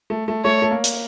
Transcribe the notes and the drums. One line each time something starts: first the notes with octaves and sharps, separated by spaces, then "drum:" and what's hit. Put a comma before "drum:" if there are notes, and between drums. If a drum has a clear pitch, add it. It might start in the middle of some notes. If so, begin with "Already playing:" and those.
A3
A3
A3 C#5
A3
A#3
drum: hi-hat